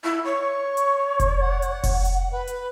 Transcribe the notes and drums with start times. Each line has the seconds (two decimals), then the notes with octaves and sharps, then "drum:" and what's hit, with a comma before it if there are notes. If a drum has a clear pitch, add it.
0.04 E4
0.25 C#5 C#6
0.77 drum: hi-hat
1.20 drum: kick F1, hi-hat
1.41 F#5
1.62 drum: hi-hat
1.84 drum: kick F1, open hi-hat
2.05 drum: hi-hat
2.31 B4
2.47 drum: hi-hat